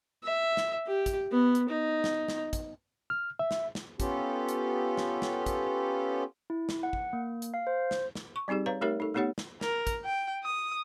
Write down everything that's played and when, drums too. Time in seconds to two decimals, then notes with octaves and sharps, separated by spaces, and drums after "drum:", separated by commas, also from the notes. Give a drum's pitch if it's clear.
0.24 E5
0.57 drum: snare
0.87 G4
1.06 drum: kick, hi-hat
1.32 B3
1.55 drum: hi-hat
1.69 D#4
2.04 drum: snare
2.28 drum: snare
2.53 drum: kick, hi-hat
3.10 F6
3.39 E5
3.51 drum: snare
3.75 drum: snare
4.00 B3 C#4 F4 G4 A4, drum: kick, hi-hat
4.49 drum: hi-hat
4.97 drum: snare
5.22 drum: snare
5.46 drum: kick, hi-hat
6.50 E4
6.69 drum: snare
6.83 F#5
6.93 drum: kick
7.13 A#3
7.42 drum: hi-hat
7.54 F5
7.67 C5
7.91 drum: snare
8.15 drum: snare
8.36 C#6
8.48 G3 C4 D#4 G4 G#4
8.66 B4 C#5 F5 A#5
8.81 A3 D#4 G4 A#4 C#5 E5
9.00 D#4 A4
9.14 A3 B3 D#4 G4 C#5 F#5
9.38 drum: snare
9.61 A#4, drum: snare
9.87 drum: kick, hi-hat
10.05 G5
10.44 D#6